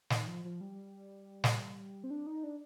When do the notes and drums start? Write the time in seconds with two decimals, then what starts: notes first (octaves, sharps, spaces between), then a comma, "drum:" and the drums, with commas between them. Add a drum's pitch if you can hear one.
0.10 D#3, drum: snare
0.27 F3
0.45 F3
0.61 G3
1.44 drum: snare
2.04 C4
2.10 D4
2.27 D#4
2.44 D4